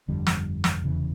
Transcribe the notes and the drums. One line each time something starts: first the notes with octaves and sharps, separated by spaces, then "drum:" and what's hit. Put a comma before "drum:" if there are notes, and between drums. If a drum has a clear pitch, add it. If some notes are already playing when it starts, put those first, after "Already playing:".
G1 F2 D3 G3
drum: snare
drum: snare
F1 E2 C#3 E3